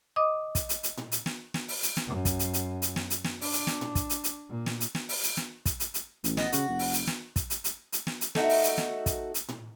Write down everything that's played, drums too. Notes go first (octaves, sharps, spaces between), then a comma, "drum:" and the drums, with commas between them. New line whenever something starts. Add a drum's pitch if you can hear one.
D#5 D6 D#6
drum: kick, hi-hat
drum: hi-hat
drum: hi-hat
drum: tom A2
drum: hi-hat
drum: snare
drum: snare
drum: open hi-hat
drum: hi-hat
drum: snare
F#2
drum: kick, hi-hat
drum: hi-hat
drum: hi-hat
drum: hi-hat
drum: snare
drum: hi-hat
drum: snare
D4, drum: open hi-hat
drum: hi-hat
drum: snare
drum: tom A2
drum: kick, hi-hat
drum: hi-hat
drum: hi-hat
A#2
drum: snare
drum: hi-hat
drum: snare
drum: open hi-hat
drum: hi-hat
drum: snare
drum: kick, hi-hat
drum: hi-hat
drum: hi-hat
A1, drum: hi-hat
B3 D#5 A5, drum: snare
C#3 F#4, drum: hi-hat
F1
drum: open hi-hat
drum: hi-hat
drum: snare
drum: kick, hi-hat
drum: hi-hat
drum: hi-hat
drum: hi-hat
drum: snare
drum: hi-hat
A3 D#4 F#4 E5, drum: snare
drum: open hi-hat
drum: hi-hat
drum: snare
drum: kick, hi-hat
drum: hi-hat
drum: tom A2